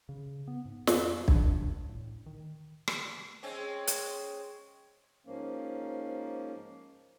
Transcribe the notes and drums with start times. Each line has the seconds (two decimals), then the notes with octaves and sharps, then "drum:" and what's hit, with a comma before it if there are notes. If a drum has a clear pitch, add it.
0.09 C#3
0.48 B3
0.65 G#2
0.87 F2, drum: snare
1.28 D4, drum: kick B1
1.89 A2
2.26 D#3
2.88 drum: rim click
3.43 G#3 C4 C#4
3.87 drum: hi-hat
5.26 G#2 F3 A#3 C#4